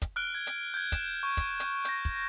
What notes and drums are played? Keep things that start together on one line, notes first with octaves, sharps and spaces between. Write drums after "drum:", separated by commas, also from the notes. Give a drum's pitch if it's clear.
drum: kick, hi-hat
F6 F#6 D7 G7
G#6
drum: hi-hat
G6 G#6
E7, drum: kick, hi-hat
C#6
drum: kick, hi-hat
drum: hi-hat
G6 A#6, drum: hi-hat
drum: kick